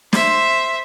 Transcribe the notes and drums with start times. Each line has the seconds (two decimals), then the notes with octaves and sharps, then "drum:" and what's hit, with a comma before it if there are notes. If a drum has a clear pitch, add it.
0.13 C5 E5, drum: snare